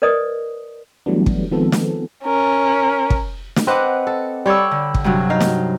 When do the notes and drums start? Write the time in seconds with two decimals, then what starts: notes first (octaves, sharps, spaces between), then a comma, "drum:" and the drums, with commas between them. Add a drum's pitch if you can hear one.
0.02 A#4 B4 D5 D#5 D#6
1.06 E3 F#3 G3 A3 B3 D4
1.26 drum: kick
1.51 D#3 F3 G#3 B3 C4 A4
1.72 drum: snare
2.24 C#4 A#4
3.10 drum: kick
3.56 drum: snare
3.67 C4 B4 D#5 F#5 D6
4.07 A4
4.46 G3 C#5 D5 B5 C#6 E6
4.71 D3
4.94 drum: kick
5.04 G2 C3 F#3
5.30 D#4 F5
5.40 drum: snare